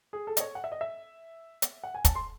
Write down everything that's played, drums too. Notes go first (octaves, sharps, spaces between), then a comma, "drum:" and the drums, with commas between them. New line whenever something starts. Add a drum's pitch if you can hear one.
G#4
A4
D#5, drum: hi-hat
C#5
F#5
E5
D#5
E5
drum: hi-hat
F#5
G#5
A5, drum: kick, hi-hat
C6